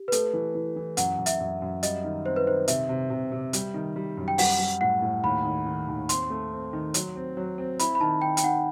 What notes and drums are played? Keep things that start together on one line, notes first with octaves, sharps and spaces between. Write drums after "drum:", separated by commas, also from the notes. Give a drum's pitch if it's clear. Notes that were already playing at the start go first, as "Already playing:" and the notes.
Already playing: G4
B4
A3 A4, drum: hi-hat
E3
E3
E3
F#2 F#5, drum: hi-hat
F#2
E5, drum: hi-hat
F#2
F#2
G3 D#5, drum: hi-hat
D#3
C4 C5
B4
D#3 C5
C3 E5, drum: hi-hat
C3
C3
C3
G3, drum: hi-hat
D#3
G3
F#2
G5
G3 F#5, drum: open hi-hat
G3
A2 F#5
A2
D#2 B5
D#3
D#3
D#2
C4 C6, drum: hi-hat
A3
C4
D#3
F#3, drum: hi-hat
C4
F#3
C4
E4 B5, drum: hi-hat
B5
D#3 A5
D#3 G5
G5, drum: hi-hat
D#3 F#5